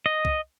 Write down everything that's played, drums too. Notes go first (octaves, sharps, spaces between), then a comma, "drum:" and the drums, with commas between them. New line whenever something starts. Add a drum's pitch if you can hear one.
D#5
drum: kick